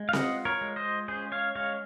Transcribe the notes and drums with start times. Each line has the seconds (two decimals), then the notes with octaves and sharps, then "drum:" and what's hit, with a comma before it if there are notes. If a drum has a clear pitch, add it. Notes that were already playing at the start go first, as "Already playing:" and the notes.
Already playing: G#3
0.09 F5
0.13 F4 D#5 F#5, drum: snare C4
0.45 A#4 C#5
0.61 G#3
0.76 C5 D#5
1.08 C#4 G#4 C5
1.32 C#5 F5
1.55 G#3 C#5 F5